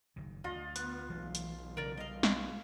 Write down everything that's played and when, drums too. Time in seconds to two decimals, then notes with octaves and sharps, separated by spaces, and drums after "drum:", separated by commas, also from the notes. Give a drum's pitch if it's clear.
0.16 F#1 D#3
0.44 D2 F4 D#5
0.76 B3 F#6, drum: hi-hat
1.10 B1 E3 F#3 A3
1.35 drum: hi-hat
1.77 C#3 E3 F#3 A#4 D5
1.98 G3 D#5 F5
2.23 drum: snare